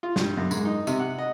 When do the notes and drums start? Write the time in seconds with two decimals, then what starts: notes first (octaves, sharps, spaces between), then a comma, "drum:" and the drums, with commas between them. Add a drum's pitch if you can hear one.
0.03 F4
0.16 G2, drum: snare
0.37 F#2
0.51 G#2, drum: tambourine
0.65 D#4
0.87 C3, drum: tambourine
1.00 F#5
1.18 D#5